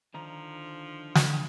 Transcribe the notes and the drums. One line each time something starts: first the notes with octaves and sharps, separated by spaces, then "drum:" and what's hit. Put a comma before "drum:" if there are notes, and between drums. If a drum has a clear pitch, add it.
D3 D#3 F3 A#5
drum: snare